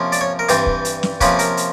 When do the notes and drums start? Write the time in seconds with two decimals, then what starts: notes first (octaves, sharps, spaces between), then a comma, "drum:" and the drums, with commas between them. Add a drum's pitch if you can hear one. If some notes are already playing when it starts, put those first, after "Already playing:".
Already playing: C3 F3 A#3 C#4
0.12 D5, drum: hi-hat
0.21 C#5
0.39 A#4
0.49 G2 E3 G3 C4, drum: hi-hat
0.66 drum: kick
0.85 drum: hi-hat
1.03 drum: snare
1.21 C3 F3 A#3 C#4 B4, drum: kick, hi-hat
1.39 A#4, drum: hi-hat
1.57 drum: hi-hat